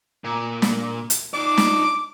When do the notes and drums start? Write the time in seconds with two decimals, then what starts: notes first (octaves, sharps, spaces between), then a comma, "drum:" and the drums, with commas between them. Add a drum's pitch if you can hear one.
0.24 A#2
0.62 drum: snare
1.10 drum: hi-hat
1.34 D#4 D5 D6
1.58 drum: snare